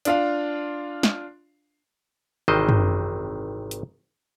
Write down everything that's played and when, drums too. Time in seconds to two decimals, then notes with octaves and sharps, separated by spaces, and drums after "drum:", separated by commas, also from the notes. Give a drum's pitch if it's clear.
0.05 D4 F4 F5, drum: hi-hat
1.03 drum: snare
2.48 G#1 C3 D#3 E3 C5 D#5
2.69 drum: tom
3.71 drum: hi-hat